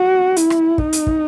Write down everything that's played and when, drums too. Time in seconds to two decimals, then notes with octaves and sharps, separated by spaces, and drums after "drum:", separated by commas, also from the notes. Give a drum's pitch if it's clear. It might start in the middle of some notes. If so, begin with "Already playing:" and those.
Already playing: F#4
0.36 E4, drum: hi-hat
0.50 drum: rim click
0.78 D#4, drum: kick
0.93 drum: hi-hat
1.07 drum: kick